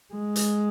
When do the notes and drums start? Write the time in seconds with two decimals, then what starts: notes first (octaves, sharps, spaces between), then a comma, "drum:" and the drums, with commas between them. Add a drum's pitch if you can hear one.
0.14 G#3
0.36 drum: hi-hat